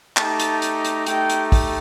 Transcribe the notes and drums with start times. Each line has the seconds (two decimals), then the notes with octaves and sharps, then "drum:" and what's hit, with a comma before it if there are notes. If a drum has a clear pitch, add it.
0.17 A3 D#4 G4 A5, drum: clap
0.40 drum: hi-hat
0.62 drum: hi-hat
0.85 drum: hi-hat
1.06 A3 D#4 G4 G5, drum: hi-hat
1.30 drum: hi-hat
1.52 drum: kick, open hi-hat